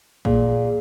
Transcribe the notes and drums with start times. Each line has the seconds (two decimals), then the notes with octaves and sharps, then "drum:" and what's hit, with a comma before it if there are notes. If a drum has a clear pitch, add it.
0.25 A#2 G#4, drum: kick